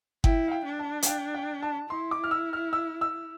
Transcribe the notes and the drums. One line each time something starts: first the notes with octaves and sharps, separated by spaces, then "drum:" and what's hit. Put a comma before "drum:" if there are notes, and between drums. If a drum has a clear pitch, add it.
E4 G5, drum: kick G1
F5
G5
D4
A5
F5, drum: hi-hat
G5
G5
A5
E4 C6
D6
F6
E6
F6
E6
E6